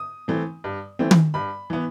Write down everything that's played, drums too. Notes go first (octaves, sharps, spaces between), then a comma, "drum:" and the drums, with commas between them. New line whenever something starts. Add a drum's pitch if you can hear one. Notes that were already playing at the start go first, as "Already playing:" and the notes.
Already playing: D#6
E3 A3 C4
G2
E3 A3 C4
drum: tom
G2 B5
E3 B3